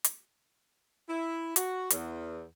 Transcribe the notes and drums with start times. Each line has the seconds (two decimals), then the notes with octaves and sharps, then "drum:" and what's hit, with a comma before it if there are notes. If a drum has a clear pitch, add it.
0.04 drum: hi-hat
1.08 E4
1.56 F#4, drum: hi-hat
1.90 E2, drum: hi-hat